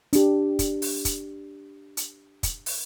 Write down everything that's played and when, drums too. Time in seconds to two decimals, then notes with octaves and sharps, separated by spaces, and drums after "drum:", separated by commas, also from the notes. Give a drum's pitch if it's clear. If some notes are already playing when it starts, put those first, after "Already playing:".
0.13 D4 G4, drum: hi-hat
0.59 drum: kick, hi-hat
0.82 drum: open hi-hat
1.05 drum: kick, hi-hat
1.97 drum: hi-hat
2.43 drum: kick, hi-hat
2.66 drum: open hi-hat